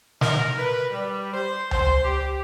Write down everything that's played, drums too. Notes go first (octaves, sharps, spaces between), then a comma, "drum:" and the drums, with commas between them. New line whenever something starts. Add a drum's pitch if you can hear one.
A#4, drum: snare
B4
G3
C5
C5, drum: tom C#2
G4